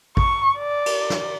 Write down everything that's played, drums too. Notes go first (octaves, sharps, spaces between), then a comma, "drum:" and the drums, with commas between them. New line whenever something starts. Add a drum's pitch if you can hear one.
C#6, drum: kick
D5
drum: cymbal
drum: snare